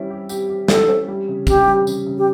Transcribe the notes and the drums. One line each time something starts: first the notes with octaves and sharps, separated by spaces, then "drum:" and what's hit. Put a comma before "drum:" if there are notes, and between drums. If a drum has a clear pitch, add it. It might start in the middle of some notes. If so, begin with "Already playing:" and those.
Already playing: G3 C#4 E4
G4
G4, drum: tambourine
G4
E4 A4, drum: snare
C#4
G3
C#3
C#3 G4, drum: kick, tambourine
G3
C#3, drum: tambourine
C#3
G4